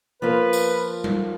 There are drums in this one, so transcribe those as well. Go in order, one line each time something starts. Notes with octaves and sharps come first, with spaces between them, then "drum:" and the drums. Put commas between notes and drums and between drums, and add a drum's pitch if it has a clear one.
F3 A#3 F4 B4
drum: tambourine
drum: tom G3